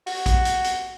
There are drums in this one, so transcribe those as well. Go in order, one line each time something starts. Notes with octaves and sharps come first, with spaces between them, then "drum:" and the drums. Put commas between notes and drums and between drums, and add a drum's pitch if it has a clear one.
F#4, drum: open hi-hat
drum: kick, hi-hat
drum: hi-hat
drum: hi-hat